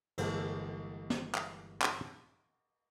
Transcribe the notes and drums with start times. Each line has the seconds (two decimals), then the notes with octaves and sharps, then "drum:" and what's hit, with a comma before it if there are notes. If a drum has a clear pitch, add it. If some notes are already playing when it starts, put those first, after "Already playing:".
0.18 G1 E3 G#3 A#3 G#4 A4, drum: cymbal
1.10 drum: snare
1.35 drum: clap
1.82 drum: clap